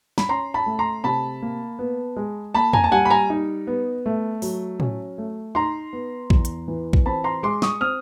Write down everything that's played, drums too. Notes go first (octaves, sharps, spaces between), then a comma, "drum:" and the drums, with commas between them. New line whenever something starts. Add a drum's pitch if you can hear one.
B5, drum: snare
C#4 A#5 C6
A5 B5
A3
A#5 C6
C3 A5 B5
A#3
B3
G#3
A#3 A5 B5
G#5 A#5, drum: tom
A5
G3 F#5 G#5
B5
G#5 A#5
D#4
B3
A3
F#3, drum: open hi-hat
C#4, drum: tom A2
A3
D#4 A#5 C6
B3
E2, drum: kick A#1
drum: hi-hat
E3
drum: kick A#1
C4 A5 B5
A#5 C6
G#3 C6 D6
C#6 D#6, drum: snare
C4 D#6 F6